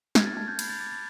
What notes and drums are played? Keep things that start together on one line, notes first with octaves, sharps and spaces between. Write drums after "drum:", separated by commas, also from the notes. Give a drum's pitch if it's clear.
F6 G#6, drum: snare
A6
A5 G#6
G6
B5 G#6, drum: cymbal
A6
D6 A6
A6